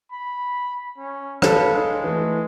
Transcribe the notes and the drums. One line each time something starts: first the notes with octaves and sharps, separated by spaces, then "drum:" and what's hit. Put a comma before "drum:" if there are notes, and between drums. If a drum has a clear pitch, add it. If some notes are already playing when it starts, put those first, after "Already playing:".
B5
C#4
A4 B4 C#5 F5, drum: rim click
G#3
E3 A3